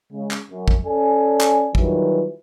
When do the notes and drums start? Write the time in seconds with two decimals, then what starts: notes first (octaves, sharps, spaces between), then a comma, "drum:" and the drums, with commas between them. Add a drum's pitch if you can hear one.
0.13 C#3 G#3
0.31 drum: clap
0.51 F#2
0.68 drum: kick
0.85 C#4 A4 D5 G#5
1.41 drum: clap
1.75 D#3 E3 F#3 G3 F4 B4, drum: kick